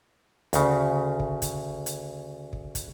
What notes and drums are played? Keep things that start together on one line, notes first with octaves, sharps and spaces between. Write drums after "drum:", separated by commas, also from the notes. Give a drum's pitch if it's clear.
D2 C#3, drum: hi-hat
drum: kick
drum: kick, hi-hat
drum: hi-hat
drum: kick
drum: kick, hi-hat